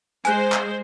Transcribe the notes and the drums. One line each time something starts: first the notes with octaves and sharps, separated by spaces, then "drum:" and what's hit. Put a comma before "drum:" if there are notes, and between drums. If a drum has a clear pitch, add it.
G#3 C5 G#5 F#6, drum: hi-hat
drum: clap